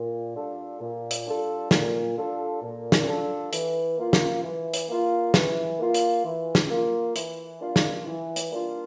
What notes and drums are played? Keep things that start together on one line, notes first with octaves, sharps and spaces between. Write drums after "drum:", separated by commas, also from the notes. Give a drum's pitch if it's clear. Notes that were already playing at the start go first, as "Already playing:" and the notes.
Already playing: A#2
G3 D4 F4 A4
A#2
drum: hi-hat
G3 D4 F4 A4
A#2, drum: snare
G3 D4 F4 A4
A#2
drum: snare
G3 D4 F4 A4
E3, drum: hi-hat
A#3 F4
drum: snare
E3
drum: hi-hat
A#3 F4
E3, drum: snare
A#3 F4
drum: hi-hat
E3
drum: snare
A#3 F4
E3, drum: hi-hat
G3 A#3 D4 F4
drum: snare
E3
drum: hi-hat
G3 A#3 D4 F4